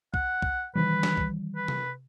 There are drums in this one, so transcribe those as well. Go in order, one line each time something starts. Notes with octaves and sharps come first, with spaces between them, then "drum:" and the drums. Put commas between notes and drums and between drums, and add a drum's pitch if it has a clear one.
F#5, drum: kick C2
drum: kick C2
D#3 E3 G3 B4
drum: snare
drum: kick C2
B4
drum: tom C3